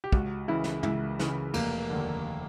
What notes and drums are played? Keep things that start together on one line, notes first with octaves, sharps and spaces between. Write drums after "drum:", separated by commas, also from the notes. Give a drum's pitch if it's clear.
G4
C#2 F#4, drum: kick
C#3 E3 E4
drum: snare
C#2 E4, drum: tom
C#3 E3, drum: snare
F1 A#3, drum: cymbal
D#2 D3